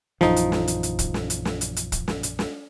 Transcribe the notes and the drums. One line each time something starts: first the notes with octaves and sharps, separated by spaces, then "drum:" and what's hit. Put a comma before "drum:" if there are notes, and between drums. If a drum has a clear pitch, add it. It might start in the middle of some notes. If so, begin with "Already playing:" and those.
A#1 F#2 E3 F3 D#4, drum: snare
drum: hi-hat
drum: snare
drum: hi-hat
drum: hi-hat
drum: kick, hi-hat
drum: snare
drum: hi-hat
drum: snare
drum: hi-hat
drum: hi-hat
drum: kick, hi-hat
drum: snare
drum: hi-hat
drum: snare